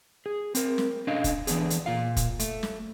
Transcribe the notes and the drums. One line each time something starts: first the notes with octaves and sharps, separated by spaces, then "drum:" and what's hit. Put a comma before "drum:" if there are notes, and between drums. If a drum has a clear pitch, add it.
G#4
C4 A#4, drum: hi-hat
drum: snare
C#4 D4 A4 D#5 F5
drum: kick, hi-hat
D3 E3 B3 D4 G#4, drum: hi-hat
drum: hi-hat
A#2 F4 F5
drum: kick, hi-hat
A3, drum: hi-hat
drum: snare